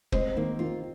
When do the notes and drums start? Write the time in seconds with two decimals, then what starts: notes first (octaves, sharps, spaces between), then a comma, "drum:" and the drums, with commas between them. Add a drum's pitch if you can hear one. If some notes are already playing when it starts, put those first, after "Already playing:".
0.12 G#3 C4, drum: kick
0.36 D#3 A#3
0.59 D#3 F4